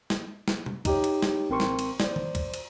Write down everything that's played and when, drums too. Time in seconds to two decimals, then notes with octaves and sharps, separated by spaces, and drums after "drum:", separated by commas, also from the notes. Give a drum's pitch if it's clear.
0.10 drum: snare
0.48 drum: snare
0.66 drum: tom
0.85 D#4 G4 C#5, drum: kick, cymbal
1.04 drum: cymbal
1.23 drum: snare
1.50 A1 C4 A#4 C6 C#6
1.60 drum: snare
1.79 drum: cymbal
2.00 C5 D5, drum: snare
2.16 drum: tom D#3
2.35 drum: kick, cymbal
2.54 drum: cymbal